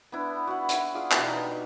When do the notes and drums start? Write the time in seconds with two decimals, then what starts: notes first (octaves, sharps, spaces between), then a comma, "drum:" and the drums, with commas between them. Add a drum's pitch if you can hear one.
0.12 B3 D4 E4
0.47 F#4 F#5
0.69 E4, drum: hi-hat
0.95 F4 G#4 D5 F5
1.11 B2 E3 G4, drum: clap
1.26 D#4